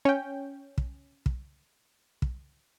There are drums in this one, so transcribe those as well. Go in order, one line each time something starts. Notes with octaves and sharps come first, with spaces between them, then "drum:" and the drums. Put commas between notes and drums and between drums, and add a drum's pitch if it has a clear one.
C#4 G5
drum: kick
drum: kick
drum: kick